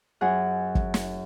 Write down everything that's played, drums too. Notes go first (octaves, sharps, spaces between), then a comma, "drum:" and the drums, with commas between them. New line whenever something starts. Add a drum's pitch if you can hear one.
F#2 G#4 F#5
drum: kick G1
drum: snare